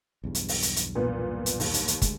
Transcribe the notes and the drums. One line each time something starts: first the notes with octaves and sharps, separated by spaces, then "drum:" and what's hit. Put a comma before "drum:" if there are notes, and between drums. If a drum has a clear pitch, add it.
B1 E2 G2
drum: hi-hat
drum: open hi-hat
drum: hi-hat
drum: hi-hat
A#2 B3
drum: hi-hat
D#2, drum: open hi-hat
drum: hi-hat
drum: hi-hat
D2 G#3, drum: kick, hi-hat